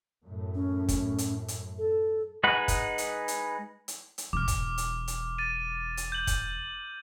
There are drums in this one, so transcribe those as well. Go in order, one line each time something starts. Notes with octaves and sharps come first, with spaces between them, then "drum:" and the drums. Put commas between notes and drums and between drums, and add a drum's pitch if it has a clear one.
F#2 A2
C#4
drum: kick, hi-hat
drum: hi-hat
drum: hi-hat
A4
G#3 D#4 B4 F#5
drum: kick, hi-hat
drum: hi-hat
drum: hi-hat
drum: hi-hat
drum: hi-hat
E1 D6 F6
drum: kick, hi-hat
drum: hi-hat
drum: hi-hat
A6 D#7
drum: hi-hat
G6 F#7
drum: kick, hi-hat